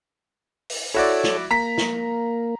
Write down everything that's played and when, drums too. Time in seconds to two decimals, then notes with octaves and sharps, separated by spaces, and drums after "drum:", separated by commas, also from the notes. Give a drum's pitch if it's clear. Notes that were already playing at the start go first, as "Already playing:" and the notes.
0.70 drum: open hi-hat
0.94 E4 F#4 A4 C#5 D5
1.24 drum: snare
1.51 A#3 A#5 B6
1.78 drum: snare